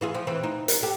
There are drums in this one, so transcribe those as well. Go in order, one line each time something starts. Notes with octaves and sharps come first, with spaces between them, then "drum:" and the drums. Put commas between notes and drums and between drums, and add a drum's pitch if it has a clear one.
E3 F4 G#4
F3
E3 C4
D#4
A#4, drum: hi-hat
G4 A4